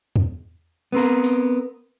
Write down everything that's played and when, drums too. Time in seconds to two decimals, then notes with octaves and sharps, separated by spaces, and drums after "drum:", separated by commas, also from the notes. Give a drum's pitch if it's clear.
0.16 drum: tom E2
0.92 B3 C4 A#4
1.24 drum: open hi-hat